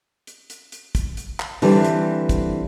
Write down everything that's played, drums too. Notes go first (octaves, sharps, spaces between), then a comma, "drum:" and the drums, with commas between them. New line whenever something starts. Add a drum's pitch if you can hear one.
drum: hi-hat
drum: hi-hat
drum: hi-hat
drum: kick, hi-hat
drum: hi-hat
drum: clap
D3 E3 G3 C4, drum: open hi-hat
drum: hi-hat
drum: kick, hi-hat